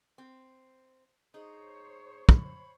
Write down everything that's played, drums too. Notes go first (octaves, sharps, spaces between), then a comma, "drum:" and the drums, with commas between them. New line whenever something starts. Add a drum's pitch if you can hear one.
C4
D#4 G#4 C5 C#5
B5, drum: kick